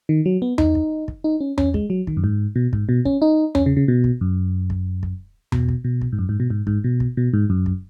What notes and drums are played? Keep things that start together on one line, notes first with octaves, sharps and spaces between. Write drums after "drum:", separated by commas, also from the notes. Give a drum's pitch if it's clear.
D#3
F#3
B3
D#4, drum: tom E2
drum: kick
drum: kick
D#4
C#4
C#4, drum: tom E2
G#3, drum: kick
F#3
D#3, drum: kick
F#2
G#2
B2
G#2, drum: kick
B2
C#4, drum: kick
D#4
C#4, drum: tom E2
C#3
C#3
B2
drum: kick
F#2
drum: kick
drum: kick
B2, drum: tom E2
drum: kick
B2
drum: kick
G#2
F#2
G#2
B2
G#2
G#2, drum: kick
B2
drum: kick
B2
G#2
F#2
drum: kick